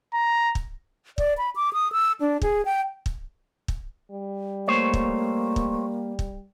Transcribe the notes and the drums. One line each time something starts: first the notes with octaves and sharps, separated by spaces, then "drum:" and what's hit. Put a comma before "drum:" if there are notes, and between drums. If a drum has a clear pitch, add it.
A#5
drum: kick
D5, drum: kick
B5
D6
D#6
E6
D4
G#4, drum: kick
G5
drum: kick
drum: kick
G3
A3 A#3 C5 C#5
drum: kick
drum: kick
drum: kick